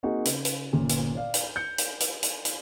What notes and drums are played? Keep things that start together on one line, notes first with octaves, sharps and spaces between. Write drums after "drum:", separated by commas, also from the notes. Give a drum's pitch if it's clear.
A#3 C4 D#4 F#4 G#4
C#3, drum: hi-hat
drum: hi-hat
G1 A#2 C#4
drum: hi-hat
D5 F5
drum: hi-hat
G6 C#7
drum: hi-hat
drum: hi-hat
drum: hi-hat
drum: hi-hat